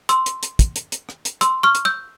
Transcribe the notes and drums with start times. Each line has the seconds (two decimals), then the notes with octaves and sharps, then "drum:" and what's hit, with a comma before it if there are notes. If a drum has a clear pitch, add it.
0.09 C6 E6, drum: hi-hat
0.26 drum: hi-hat
0.43 drum: hi-hat
0.59 drum: kick, hi-hat
0.76 drum: hi-hat
0.92 drum: hi-hat
1.09 drum: rim click
1.25 drum: hi-hat
1.41 C6 E6, drum: hi-hat
1.63 C#6 F6
1.75 drum: hi-hat
1.85 E6 G6